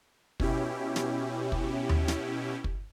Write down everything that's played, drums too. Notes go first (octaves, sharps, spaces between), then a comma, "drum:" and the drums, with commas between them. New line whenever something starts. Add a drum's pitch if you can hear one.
B2 C#4 E4 G4, drum: kick
drum: snare
drum: kick
drum: tom D#2
drum: snare
drum: kick